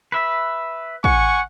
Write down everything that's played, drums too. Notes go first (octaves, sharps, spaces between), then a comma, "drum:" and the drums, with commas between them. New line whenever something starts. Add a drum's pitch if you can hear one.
B4 E5
F#5 G#5 C#6, drum: kick